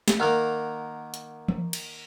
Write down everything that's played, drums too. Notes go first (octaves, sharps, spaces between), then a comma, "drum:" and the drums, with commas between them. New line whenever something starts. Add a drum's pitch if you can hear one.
drum: snare
D#3 A#3 F#5 F6
drum: hi-hat
drum: tom
drum: cymbal